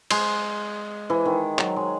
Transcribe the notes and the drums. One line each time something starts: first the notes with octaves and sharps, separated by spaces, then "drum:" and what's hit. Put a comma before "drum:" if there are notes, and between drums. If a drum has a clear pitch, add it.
G#3, drum: cymbal
E3
D#3
F#3, drum: clap
G#3